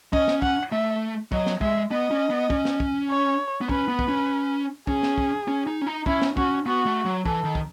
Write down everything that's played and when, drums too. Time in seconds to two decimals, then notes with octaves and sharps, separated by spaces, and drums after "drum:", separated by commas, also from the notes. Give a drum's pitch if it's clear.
0.13 C#4 D#5, drum: kick
0.28 drum: snare
0.42 F#5, drum: kick
0.72 A3 E5
1.32 F#3 D#5, drum: kick
1.46 drum: snare
1.61 G#3 E5, drum: kick
1.91 B3 D#5
2.11 C#4
2.30 B3
2.50 C#4, drum: kick
2.65 drum: snare
2.80 drum: kick
3.10 C#5
3.61 B3
3.69 C#4 B4, drum: kick
3.88 B3
3.99 drum: kick
4.08 C#4
4.87 C#4 G#4, drum: kick
5.03 drum: snare
5.18 drum: kick
5.48 C#4
5.67 D#4
5.81 C#4
5.87 D#4
6.06 C#4 E4, drum: kick
6.22 drum: snare
6.37 C#4 F#4, drum: kick
6.66 B3 F#4
6.86 A3
7.06 F#3
7.25 E3 A4, drum: kick
7.45 D#3
7.55 drum: kick